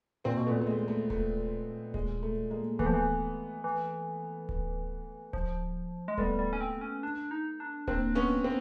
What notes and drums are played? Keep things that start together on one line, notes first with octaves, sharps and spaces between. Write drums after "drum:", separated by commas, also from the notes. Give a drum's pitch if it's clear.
A#2 A#3 C4
B2
A3 B3
A#2
A3
G#3
A3
A3, drum: kick D1
G#3, drum: kick D1
A3
G#3 A#3
E3 A3 B3, drum: kick D1
F3
E3
E3
drum: kick D1
F3, drum: kick D1
G#3
G3 A3 B3, drum: kick D1
G3
C#4
C4
C#4
D4
D#4
D4
A#3 C4 D4, drum: kick D1
B3 C#4
A#3 C4